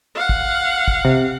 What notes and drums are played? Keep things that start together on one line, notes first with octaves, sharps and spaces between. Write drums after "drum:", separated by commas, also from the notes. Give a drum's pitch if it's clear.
F5 F#5
drum: kick
drum: kick
C3